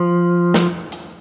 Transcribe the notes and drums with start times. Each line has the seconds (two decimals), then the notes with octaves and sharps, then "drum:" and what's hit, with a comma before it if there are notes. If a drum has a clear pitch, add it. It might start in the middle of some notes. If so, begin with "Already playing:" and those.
Already playing: F3
0.54 drum: snare
0.92 drum: hi-hat